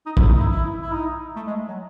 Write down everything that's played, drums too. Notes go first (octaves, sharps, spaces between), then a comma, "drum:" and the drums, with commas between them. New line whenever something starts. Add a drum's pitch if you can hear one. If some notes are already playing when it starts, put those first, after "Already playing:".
D#4
E4, drum: kick
D#4
E4
E4
E4
D#4
A3
G#3
F#3